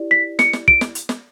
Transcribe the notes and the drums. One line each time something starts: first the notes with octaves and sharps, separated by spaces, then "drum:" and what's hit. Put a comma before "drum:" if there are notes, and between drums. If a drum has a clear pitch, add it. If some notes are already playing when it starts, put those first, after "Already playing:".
Already playing: E4 G4 D5
B6
C#7, drum: snare
drum: snare
D7, drum: kick
drum: snare
drum: hi-hat
drum: snare